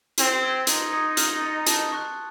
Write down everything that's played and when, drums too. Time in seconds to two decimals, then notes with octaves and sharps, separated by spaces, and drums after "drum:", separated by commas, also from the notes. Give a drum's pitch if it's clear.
0.18 C4 C6, drum: hi-hat
0.42 E6 G#6 B6 D7
0.67 D#4 C6, drum: hi-hat
0.93 D#6 G#6 C#7
1.17 F6, drum: hi-hat
1.42 A6 C#7
1.67 A5, drum: hi-hat
1.92 C#6 F#6